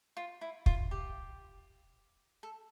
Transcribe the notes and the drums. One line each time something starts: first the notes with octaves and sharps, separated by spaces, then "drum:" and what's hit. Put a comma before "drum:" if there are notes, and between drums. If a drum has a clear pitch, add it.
F4
E4
F4, drum: kick
G4
A4